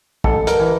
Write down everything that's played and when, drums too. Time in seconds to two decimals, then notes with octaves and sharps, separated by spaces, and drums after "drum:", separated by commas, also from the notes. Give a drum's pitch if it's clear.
0.24 A1 A4, drum: kick
0.47 A#4, drum: hi-hat
0.59 E3